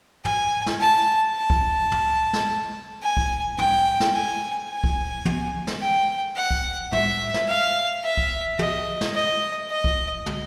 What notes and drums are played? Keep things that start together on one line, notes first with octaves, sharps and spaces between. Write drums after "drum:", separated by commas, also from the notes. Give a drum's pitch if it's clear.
G#5, drum: tom
drum: snare
A5
A5
drum: kick C2
drum: tom
drum: snare
G#5
drum: kick C2
G5, drum: tom
drum: snare
G#5
G#5
drum: kick C2
drum: tom
drum: snare
G5
F#5
drum: kick C2
E5, drum: tom
drum: snare
F5
E5
drum: kick C2
D#5, drum: tom
drum: snare
D#5
D#5
drum: kick C2
drum: tom